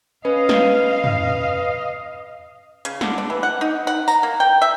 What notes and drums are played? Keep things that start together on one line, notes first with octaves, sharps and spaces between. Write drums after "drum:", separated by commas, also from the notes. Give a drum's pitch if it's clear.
C#4 B4 D#5 F5
drum: snare
drum: tom
C#3, drum: hi-hat
D3, drum: snare
D4
E3
F#5
D#4
F#5
A#5, drum: tambourine
A#3
G5
E5